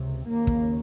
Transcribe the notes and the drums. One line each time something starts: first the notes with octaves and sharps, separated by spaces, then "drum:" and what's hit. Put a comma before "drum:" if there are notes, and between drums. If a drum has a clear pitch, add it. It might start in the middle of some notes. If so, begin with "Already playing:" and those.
Already playing: C#2 C3
D#2 C#3 A#3
drum: kick